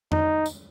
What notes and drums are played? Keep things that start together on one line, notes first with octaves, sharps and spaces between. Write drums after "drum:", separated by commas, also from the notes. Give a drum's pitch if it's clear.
D#4, drum: tom F2
drum: tambourine